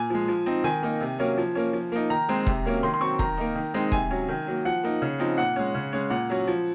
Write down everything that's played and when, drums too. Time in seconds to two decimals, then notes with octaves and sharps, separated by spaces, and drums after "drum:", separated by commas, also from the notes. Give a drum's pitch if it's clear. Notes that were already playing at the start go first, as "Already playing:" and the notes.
Already playing: A#2 G#5
0.10 F3 G#3
0.28 F3
0.46 C4 D#4
0.64 D#3 G#5
0.83 A#3 D#4
1.01 C3
1.18 F#3 A#3 C#4
1.38 F3
1.55 A#3 C#4
1.73 F3
1.92 A#3 D#4
2.10 D#3 A#5
2.29 G#3 C4
2.47 C3, drum: kick E1
2.65 F#3 A#3 C#4
2.83 D#3 C6
2.94 C6
3.01 F#3 C4 C#6
3.19 D#3 A#5, drum: kick E1
3.38 A#3 D#4
3.55 D#3
3.74 G#3 C4 D#4
3.92 C3 G#5, drum: kick E1
4.10 F#3 C#4
4.28 D#3
4.47 F#3 A#3
4.65 F3 F#5
4.84 A#3 D#4
5.02 C#3
5.19 F3 C4 D#4
5.38 A#2 F#5
5.56 G#3 C#4
5.75 C#3
5.93 G#3 C#4
6.10 A#2 F#5
6.29 F#3 C#4
6.47 F3